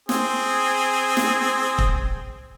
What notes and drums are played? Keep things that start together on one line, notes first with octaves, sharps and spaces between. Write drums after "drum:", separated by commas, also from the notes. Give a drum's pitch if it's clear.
C4 G#4, drum: snare
drum: snare
drum: kick